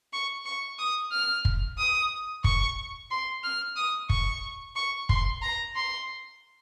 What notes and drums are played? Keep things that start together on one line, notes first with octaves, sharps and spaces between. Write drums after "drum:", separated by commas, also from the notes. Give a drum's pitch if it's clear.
C#6
C#6
D#6
F6
drum: kick
D#6
C#6, drum: kick
C6
F6
D#6
C#6, drum: kick
C#6
C6, drum: kick
A#5
C6